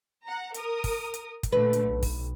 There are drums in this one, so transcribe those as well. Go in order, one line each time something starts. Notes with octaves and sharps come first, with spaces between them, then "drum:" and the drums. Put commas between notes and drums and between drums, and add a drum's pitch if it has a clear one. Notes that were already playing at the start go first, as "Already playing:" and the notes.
F#5 A#5
A#4 D#6, drum: hi-hat
drum: kick, open hi-hat
drum: hi-hat
drum: kick, hi-hat
A#2 D3 A3 B4
drum: hi-hat
B1
drum: kick, open hi-hat